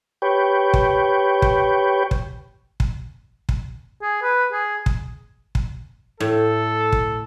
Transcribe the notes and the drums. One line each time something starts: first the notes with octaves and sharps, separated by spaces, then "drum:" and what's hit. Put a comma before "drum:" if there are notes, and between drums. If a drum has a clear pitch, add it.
G4 B4 C#5 G5
drum: kick
drum: kick
drum: kick
drum: kick
drum: kick
G#4
B4
G#4
drum: kick
drum: kick
A2 A4
drum: kick